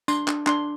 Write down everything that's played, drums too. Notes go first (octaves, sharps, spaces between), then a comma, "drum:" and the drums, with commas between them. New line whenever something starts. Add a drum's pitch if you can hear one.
D4 C6, drum: tambourine
D4, drum: clap
D4 C6, drum: clap